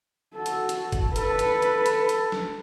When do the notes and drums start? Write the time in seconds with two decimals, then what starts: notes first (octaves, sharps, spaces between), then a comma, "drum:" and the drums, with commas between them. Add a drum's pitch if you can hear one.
0.35 F#4 A4
0.46 drum: hi-hat
0.69 drum: hi-hat
0.92 drum: kick, hi-hat
1.16 A4 B4, drum: hi-hat
1.39 drum: hi-hat
1.62 drum: hi-hat
1.86 drum: hi-hat
2.09 drum: hi-hat
2.32 drum: snare